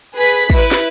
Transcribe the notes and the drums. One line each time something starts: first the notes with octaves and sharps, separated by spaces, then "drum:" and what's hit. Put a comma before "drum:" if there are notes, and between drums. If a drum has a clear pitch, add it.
G#4 B4 B6
E4 B4, drum: kick
drum: snare